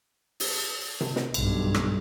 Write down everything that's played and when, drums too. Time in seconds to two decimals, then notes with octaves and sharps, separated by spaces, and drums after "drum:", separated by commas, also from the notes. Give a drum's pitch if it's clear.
0.40 drum: open hi-hat
1.01 drum: tom C3
1.16 drum: snare
1.34 B1 G2, drum: cymbal
1.74 drum: rim click